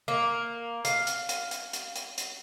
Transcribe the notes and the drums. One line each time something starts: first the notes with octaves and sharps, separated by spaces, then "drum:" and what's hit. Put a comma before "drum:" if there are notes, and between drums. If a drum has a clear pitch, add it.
A#3
F5, drum: hi-hat
drum: hi-hat
drum: hi-hat
drum: hi-hat
drum: hi-hat
drum: hi-hat
drum: hi-hat